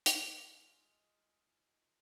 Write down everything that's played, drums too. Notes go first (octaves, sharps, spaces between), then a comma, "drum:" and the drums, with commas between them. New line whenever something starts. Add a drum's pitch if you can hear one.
G#3 D#4 F4, drum: hi-hat